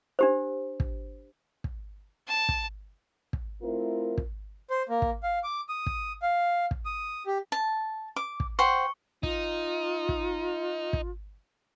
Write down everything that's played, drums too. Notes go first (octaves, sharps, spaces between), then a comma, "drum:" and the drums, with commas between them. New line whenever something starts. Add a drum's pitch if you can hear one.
D4 G4 C5
drum: kick
drum: kick
A5
drum: kick
drum: kick
A3 C4 E4 F4 A#4
drum: kick
C5
A#3
drum: kick
F5
D6
D#6
drum: kick
F5
drum: kick
D#6
G4
A5
D6
drum: kick
C5 F#5 G5 C#6
D#4 F4, drum: kick
drum: kick
drum: kick